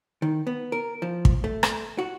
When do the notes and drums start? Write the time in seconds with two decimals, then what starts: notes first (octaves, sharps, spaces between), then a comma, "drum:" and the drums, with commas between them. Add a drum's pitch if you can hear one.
0.22 D#3
0.47 B3
0.72 A#4
1.02 F3
1.25 drum: kick
1.44 A3
1.63 drum: rim click
1.98 F#4